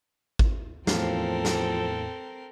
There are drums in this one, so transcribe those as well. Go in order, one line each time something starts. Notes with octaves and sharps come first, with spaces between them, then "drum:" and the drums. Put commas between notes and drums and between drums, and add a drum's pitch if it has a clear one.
drum: kick G#1
E2 A2 F3 C4 A4 A#4 F5, drum: snare
drum: snare